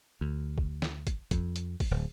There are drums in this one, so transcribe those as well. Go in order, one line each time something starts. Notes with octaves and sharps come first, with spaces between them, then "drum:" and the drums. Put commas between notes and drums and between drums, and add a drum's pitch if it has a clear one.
D2
drum: kick
drum: snare
drum: kick, hi-hat
F2, drum: kick, hi-hat
drum: hi-hat
drum: kick, open hi-hat
D1